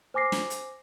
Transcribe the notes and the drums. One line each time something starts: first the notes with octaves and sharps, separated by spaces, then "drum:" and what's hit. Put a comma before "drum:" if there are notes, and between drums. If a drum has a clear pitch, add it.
C5 G#5 D6 A#6 C7
drum: snare
drum: hi-hat